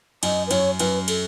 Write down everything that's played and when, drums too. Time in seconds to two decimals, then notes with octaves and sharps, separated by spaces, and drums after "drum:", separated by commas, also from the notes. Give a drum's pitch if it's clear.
0.23 F#2 D#5, drum: cymbal
0.47 B4
0.51 F#2 C#5, drum: cymbal
0.79 F#2 B4, drum: cymbal
1.08 A4, drum: cymbal